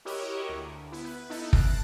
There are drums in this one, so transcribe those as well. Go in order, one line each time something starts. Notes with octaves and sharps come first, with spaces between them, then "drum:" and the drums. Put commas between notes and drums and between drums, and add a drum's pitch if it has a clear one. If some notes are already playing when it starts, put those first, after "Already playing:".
E4 F#4 G4 A#4 C#5 D#5
D2
B3 E4
B4
B3 D#4 E4 A4
A5 F#6 A#6 C7 D7, drum: kick